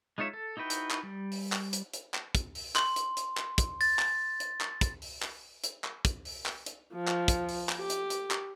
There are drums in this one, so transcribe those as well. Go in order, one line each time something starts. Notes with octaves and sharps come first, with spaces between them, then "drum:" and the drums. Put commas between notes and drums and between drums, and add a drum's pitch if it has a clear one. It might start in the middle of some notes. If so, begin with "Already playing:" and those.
G#3 D#4 F4 C#5 E5
A4
D#4 E4 F#4 B4 G5
drum: hi-hat
drum: clap
G3
drum: open hi-hat
drum: clap
drum: hi-hat
drum: hi-hat
drum: clap
drum: kick, hi-hat
drum: open hi-hat
C6, drum: clap
drum: hi-hat
drum: hi-hat
drum: clap
drum: kick, hi-hat
A6, drum: open hi-hat
drum: clap
drum: hi-hat
drum: clap
drum: kick, hi-hat
drum: open hi-hat
drum: clap
drum: hi-hat
drum: clap
drum: kick, hi-hat
drum: open hi-hat
drum: clap
drum: hi-hat
F3
drum: clap
drum: kick, hi-hat
drum: open hi-hat
drum: clap
G4
drum: hi-hat
drum: hi-hat
drum: clap